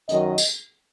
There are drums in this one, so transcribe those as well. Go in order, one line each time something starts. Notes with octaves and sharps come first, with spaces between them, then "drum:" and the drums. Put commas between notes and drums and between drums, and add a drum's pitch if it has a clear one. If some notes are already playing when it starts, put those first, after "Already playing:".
F#2 D#3 F#3 D#5, drum: hi-hat
drum: tambourine